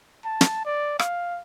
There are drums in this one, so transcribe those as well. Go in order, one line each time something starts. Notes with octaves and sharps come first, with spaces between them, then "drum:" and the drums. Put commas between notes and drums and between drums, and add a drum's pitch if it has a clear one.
A5
drum: snare
D5
F5, drum: rim click